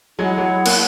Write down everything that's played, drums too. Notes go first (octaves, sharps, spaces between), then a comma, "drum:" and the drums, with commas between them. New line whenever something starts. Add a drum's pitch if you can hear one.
F#3 G#3 E4 G#4 C#5 F#5
F#3 G#3
A#3, drum: cymbal